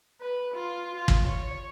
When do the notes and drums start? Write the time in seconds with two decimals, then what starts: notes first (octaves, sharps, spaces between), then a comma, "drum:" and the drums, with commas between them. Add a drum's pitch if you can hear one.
0.21 B4
0.54 F4
0.96 F4
1.08 drum: kick
1.27 C#5